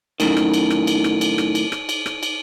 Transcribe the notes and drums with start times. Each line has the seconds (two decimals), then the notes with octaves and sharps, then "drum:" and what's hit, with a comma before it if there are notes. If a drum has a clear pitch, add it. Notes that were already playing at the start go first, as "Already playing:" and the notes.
0.20 F#2 A2 D#3, drum: cymbal
0.37 drum: rim click
0.54 drum: cymbal
0.70 drum: rim click
0.87 drum: cymbal
1.04 drum: rim click
1.21 drum: cymbal
1.38 drum: rim click
1.55 drum: cymbal
1.72 drum: rim click
1.89 drum: cymbal
2.06 drum: rim click
2.23 drum: cymbal